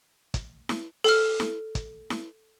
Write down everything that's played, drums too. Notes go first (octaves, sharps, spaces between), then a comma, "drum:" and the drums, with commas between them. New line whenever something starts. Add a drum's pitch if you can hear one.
drum: kick, hi-hat
drum: snare E4
A4 F6, drum: open hi-hat
drum: snare E4
drum: kick, hi-hat
drum: snare E4